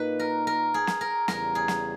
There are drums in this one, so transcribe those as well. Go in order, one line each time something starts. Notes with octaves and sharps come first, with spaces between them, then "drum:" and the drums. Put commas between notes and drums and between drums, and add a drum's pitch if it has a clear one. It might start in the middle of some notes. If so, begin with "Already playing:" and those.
Already playing: A#2 A#3 D#4 B4
A#4
A#4
G#4
drum: snare
A#4
E2 C#3 G3 A#4, drum: snare
G#4
drum: snare